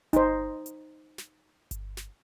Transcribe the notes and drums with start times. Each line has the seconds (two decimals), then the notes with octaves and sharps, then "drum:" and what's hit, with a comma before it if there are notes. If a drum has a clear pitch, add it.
0.13 D#4 C5, drum: kick G1, hi-hat
0.66 drum: hi-hat
1.18 drum: snare
1.71 drum: kick G1, hi-hat
1.97 drum: snare